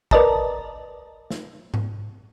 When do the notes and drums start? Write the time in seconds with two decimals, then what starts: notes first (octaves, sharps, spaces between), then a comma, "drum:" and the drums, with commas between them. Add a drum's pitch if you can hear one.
0.11 A#4 B4 D5 D#5 A5 A#5, drum: kick
1.30 drum: snare
1.74 drum: tom G#2